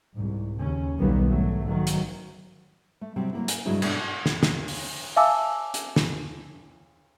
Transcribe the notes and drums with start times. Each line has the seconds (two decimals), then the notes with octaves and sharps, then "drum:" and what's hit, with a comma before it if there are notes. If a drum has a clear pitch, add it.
0.16 C2 G#2
0.59 D#2 C#3 C#4
0.99 B1 D#3 F#3 G3 A#3 B3
1.28 G#1 F#3 A3
1.67 D#3 F#3
1.87 drum: hi-hat
3.01 A3
3.16 C3 F#3 G3 C4
3.33 F#3 A#3 E4
3.48 G#5, drum: hi-hat
3.65 G2 C#3 F#3 G#3 E4
3.82 B2 A3 D4, drum: cymbal
4.26 drum: snare
4.43 drum: snare
4.68 drum: open hi-hat
5.16 E5 F5 G#5 A5 D6 E6
5.74 drum: hi-hat
5.96 drum: snare